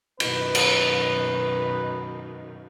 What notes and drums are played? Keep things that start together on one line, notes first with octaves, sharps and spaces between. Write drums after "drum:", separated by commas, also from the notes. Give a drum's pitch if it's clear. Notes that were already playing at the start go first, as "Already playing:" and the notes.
F#2 B2 D#3 B4, drum: cymbal
drum: cymbal